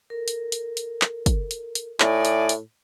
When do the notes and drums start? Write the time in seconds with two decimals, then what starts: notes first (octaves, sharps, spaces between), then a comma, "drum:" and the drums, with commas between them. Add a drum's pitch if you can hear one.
0.10 A4 A#4
0.28 drum: hi-hat
0.52 drum: hi-hat
0.77 drum: hi-hat
1.02 drum: clap
1.26 drum: kick, hi-hat
1.51 drum: hi-hat
1.75 drum: hi-hat
2.00 A2 D#4 D5 E5 G#5, drum: clap
2.25 drum: hi-hat
2.49 drum: hi-hat